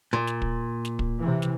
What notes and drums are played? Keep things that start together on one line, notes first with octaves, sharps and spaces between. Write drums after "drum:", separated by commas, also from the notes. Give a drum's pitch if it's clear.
A#2
drum: snare
drum: kick
drum: snare
drum: kick
C3 E3
drum: snare